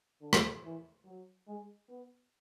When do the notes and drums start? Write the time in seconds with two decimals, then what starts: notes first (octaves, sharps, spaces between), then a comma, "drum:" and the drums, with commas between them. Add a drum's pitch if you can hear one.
0.21 D3
0.33 drum: rim click
0.64 E3
1.06 F#3
1.47 G#3
1.89 B3